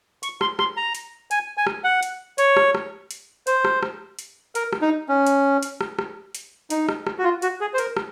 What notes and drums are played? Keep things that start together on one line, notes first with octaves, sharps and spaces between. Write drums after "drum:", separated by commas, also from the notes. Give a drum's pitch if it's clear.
C#6, drum: hi-hat
C6, drum: rim click
C6, drum: rim click
A#5
drum: hi-hat
G#5, drum: hi-hat
G#5
drum: rim click
F#5
drum: hi-hat
C#5, drum: hi-hat
drum: rim click
drum: rim click
drum: hi-hat
C5, drum: hi-hat
drum: rim click
drum: rim click
drum: hi-hat
A#4, drum: hi-hat
drum: rim click
D#4
C#4
drum: hi-hat
drum: hi-hat
drum: rim click
drum: rim click
drum: hi-hat
D#4, drum: hi-hat
drum: rim click
drum: rim click
F#4
F4
F#4, drum: hi-hat
G#4
C5
A#4, drum: hi-hat
drum: rim click